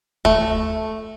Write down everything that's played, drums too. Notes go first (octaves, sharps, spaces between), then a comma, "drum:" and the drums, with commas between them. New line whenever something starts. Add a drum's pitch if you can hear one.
A3, drum: kick